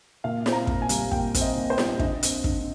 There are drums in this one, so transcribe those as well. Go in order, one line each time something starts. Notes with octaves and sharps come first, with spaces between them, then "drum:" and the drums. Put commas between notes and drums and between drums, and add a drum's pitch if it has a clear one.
A#2 F5
C4, drum: snare
A#5
A#2, drum: kick
G#5
G3, drum: hi-hat
A#2 G5, drum: kick
C4, drum: kick, hi-hat
D#5
A#2
C5
G3, drum: snare
D3 D#5, drum: kick
C4, drum: hi-hat
D3, drum: kick